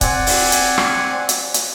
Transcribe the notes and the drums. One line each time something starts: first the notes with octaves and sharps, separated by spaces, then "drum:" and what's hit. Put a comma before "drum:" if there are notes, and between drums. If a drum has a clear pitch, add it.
C4 D5 F#5 G#5, drum: kick, hi-hat
drum: open hi-hat
drum: hi-hat
drum: rim click
drum: hi-hat
drum: hi-hat